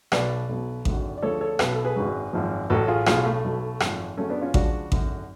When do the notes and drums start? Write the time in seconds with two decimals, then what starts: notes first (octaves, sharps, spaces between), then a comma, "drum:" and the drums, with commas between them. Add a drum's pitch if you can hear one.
0.12 B1 B2 F#3 B4 D5, drum: rim click
0.49 B1 B2 F#3
0.85 G#1 F#2 D3 F#3, drum: kick A1
1.18 D5
1.22 D2 C#3 F3 A4 C#5
1.41 A4 C#5
1.59 B1 B2 F#3 B4, drum: rim click
1.72 A4
1.84 G#4 B4
1.96 G#1 F#2 C#3 F#3
2.33 G#1 F#2 F3
2.70 A1 A2 F#3 F#4 A4
2.88 F4 G#4
3.06 B1 A2 F#3 F4 G#4, drum: rim click
3.25 A3
3.44 B1 B2 F#3
3.80 G#1 F#2 F3, drum: rim click
4.17 F#2 C#3 F#3 A3 C#4
4.30 B3 D4
4.41 C#4 F4
4.54 C#2 C#3 F3 D4 F#4, drum: kick A1
4.92 G#1 F#2 D3, drum: kick A1